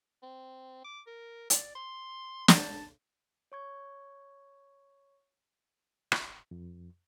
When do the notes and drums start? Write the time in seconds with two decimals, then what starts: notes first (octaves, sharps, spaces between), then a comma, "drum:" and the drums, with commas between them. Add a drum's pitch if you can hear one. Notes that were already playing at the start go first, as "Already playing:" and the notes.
0.23 C4
0.84 D6
1.07 A#4
1.50 D5, drum: hi-hat
1.75 C6
2.48 A5, drum: snare
3.52 C#5 C#6 G#6
6.12 drum: rim click
6.51 F2